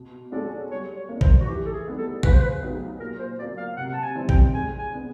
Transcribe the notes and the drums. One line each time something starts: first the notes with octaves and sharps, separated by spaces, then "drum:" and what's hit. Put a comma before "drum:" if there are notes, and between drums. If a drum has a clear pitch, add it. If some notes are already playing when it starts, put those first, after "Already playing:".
Already playing: B2
G#3 C#4 F#4 A4 D5
G3 C#5
C#5
A#3 D4
C5, drum: kick
F#4
E3 G4
A4
G#4
G3 B3 D#4
A4
C#3 B4, drum: kick
C5
B4
F#3 B3 D#4 G4
A#2 A#4
C5
F#3 A#3 D5
F5
C3 F#5
A5
G#5
E3 G3 C4
G5, drum: kick
G#3 G#5
G#5
B3 D4